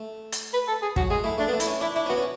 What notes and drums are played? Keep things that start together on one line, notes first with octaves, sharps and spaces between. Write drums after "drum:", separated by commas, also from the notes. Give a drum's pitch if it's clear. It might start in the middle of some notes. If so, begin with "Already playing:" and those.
Already playing: A3
drum: hi-hat
B4
A4
G#4
F#3 F#4, drum: kick
G#3 G#4
A3 E4
A3 D4
B3
A3
E4, drum: hi-hat
C#4
D4 E4
D4 E4
C#4
B3 F#4
C#4